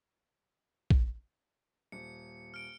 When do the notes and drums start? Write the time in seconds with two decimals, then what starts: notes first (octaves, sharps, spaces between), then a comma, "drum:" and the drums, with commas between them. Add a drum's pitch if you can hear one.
0.91 drum: kick A#1
1.92 D#1 C#7
2.54 F6 D7